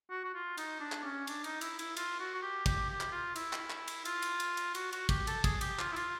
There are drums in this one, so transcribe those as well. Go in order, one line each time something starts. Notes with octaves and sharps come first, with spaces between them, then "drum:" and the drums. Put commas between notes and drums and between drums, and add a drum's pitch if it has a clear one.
F#4
F#4
F4
D#4, drum: cymbal
D4
drum: clap
C#4
D4, drum: cymbal
D#4, drum: cymbal
E4, drum: cymbal
E4, drum: cymbal
F4, drum: cymbal
F#4
F#4
G4
G4, drum: kick, cymbal
G4
drum: clap
F4
E4, drum: cymbal
drum: clap
drum: clap
drum: cymbal
F4, drum: cymbal
drum: cymbal
drum: cymbal
drum: cymbal
F#4, drum: cymbal
F#4, drum: cymbal
G4, drum: kick, cymbal
A4, drum: cymbal
G#4, drum: kick, cymbal
G4, drum: cymbal
F4, drum: clap
E4
F4, drum: cymbal